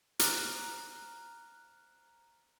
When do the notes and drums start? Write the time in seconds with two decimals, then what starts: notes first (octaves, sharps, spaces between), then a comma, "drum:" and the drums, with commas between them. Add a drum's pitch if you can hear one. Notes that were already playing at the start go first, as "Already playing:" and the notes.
0.19 A#5 F6 F#6, drum: hi-hat